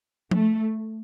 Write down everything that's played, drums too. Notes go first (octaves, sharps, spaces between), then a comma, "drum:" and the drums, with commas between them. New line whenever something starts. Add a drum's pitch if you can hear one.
A3, drum: tom F3